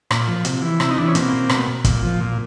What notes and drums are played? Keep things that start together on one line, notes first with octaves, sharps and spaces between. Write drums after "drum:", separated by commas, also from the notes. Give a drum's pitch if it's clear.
A#2, drum: rim click
F3
C3, drum: hi-hat
E3
C3 E4, drum: rim click
D#4
E3 D4
C#4
B2 A#3 C4, drum: hi-hat
B2, drum: rim click
A#2, drum: kick, hi-hat
F3
A#2